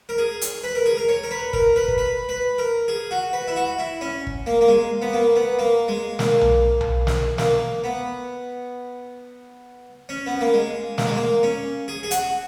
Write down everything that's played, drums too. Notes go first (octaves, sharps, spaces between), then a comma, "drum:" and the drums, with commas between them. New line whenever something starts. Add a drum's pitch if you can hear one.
A#4
G#4
drum: hi-hat
B4
A#4
G#4
A#4
C#5
A#4
B4
A#4, drum: kick
B4
drum: kick
B4
B4
A#4
G#4
F#4
B4
E4
F#4
E4
C#4
drum: kick
A#3
A#3
G#3
B3
A#3
B3
A#3
G#3
A#3, drum: snare
drum: tom B1
drum: tom B1
drum: snare
A#3, drum: snare
B3
C#4
B3
A#3
G#3
A#3, drum: snare
G#3
A#3
C#4
G#4
G#4
F#4, drum: hi-hat